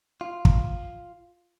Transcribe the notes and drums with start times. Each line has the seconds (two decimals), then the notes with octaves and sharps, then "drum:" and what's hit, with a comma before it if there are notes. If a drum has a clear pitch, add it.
0.21 F4
0.45 drum: kick